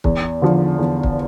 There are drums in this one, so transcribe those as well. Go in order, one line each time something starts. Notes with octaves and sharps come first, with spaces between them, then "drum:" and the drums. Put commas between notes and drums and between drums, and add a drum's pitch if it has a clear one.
E2, drum: kick
D3 F3
E2
drum: kick